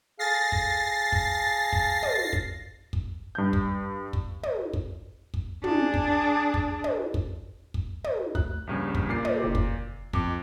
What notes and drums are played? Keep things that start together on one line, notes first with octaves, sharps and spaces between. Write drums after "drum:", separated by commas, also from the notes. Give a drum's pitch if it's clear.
G#4 A4 F5 A6 A#6 C7
drum: kick
drum: kick
drum: kick
drum: tom
drum: kick
drum: kick
G2 G6
drum: kick
drum: kick
drum: tom
drum: kick
drum: kick
D4 G#4, drum: tom
drum: kick
drum: kick
drum: tom
drum: kick
drum: kick
drum: tom
D2 F#6, drum: kick
A#1 G2 C#3
drum: kick
A#2 D6 C7
drum: tom
F#1
drum: kick
F2 D6, drum: kick